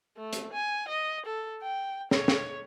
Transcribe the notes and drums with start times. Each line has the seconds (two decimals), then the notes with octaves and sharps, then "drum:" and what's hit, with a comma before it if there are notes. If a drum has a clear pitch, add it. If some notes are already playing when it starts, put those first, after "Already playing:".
0.17 A3
0.33 drum: hi-hat
0.53 G#5
0.88 D#5
1.25 A4
1.62 G5
2.11 C#5, drum: snare
2.28 drum: snare